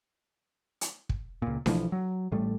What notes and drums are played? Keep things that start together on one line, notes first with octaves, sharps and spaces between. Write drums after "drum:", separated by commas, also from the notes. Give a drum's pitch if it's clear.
drum: hi-hat
drum: kick
C#2 A#2
B1 E3 F3, drum: snare D4
F#3
A1 A2 G3 A3